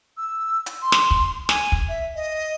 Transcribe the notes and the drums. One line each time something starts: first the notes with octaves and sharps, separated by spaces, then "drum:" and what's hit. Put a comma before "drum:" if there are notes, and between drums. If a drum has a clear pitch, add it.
E6
drum: hi-hat
C6
drum: snare
drum: kick
G#5, drum: snare
drum: kick
E5
D#5